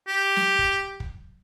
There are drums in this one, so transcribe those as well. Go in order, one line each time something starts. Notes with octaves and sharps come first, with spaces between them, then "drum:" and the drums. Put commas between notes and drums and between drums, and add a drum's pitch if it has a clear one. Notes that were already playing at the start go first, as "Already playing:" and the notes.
G4
drum: snare
drum: kick
drum: kick